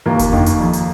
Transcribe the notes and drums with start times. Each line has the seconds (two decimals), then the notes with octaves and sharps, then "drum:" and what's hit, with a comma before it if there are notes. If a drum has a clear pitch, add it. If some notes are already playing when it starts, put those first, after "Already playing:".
0.06 D#2 A#3
0.19 drum: kick F1, hi-hat
0.33 D#3, drum: tom F2
0.46 drum: hi-hat
0.60 F2
0.73 drum: hi-hat